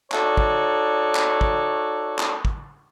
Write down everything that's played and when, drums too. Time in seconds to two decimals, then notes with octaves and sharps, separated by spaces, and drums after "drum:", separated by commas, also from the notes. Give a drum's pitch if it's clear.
0.12 D#4 F#4 A4 C#5 D5, drum: clap
0.37 drum: kick
1.15 drum: clap
1.41 drum: kick
2.19 drum: clap
2.45 drum: kick